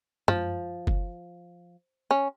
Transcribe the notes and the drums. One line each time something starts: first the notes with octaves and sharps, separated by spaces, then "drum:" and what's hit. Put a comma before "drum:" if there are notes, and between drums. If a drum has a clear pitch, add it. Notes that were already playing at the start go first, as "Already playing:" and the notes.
F3, drum: tom F#2
drum: kick F#1
C#4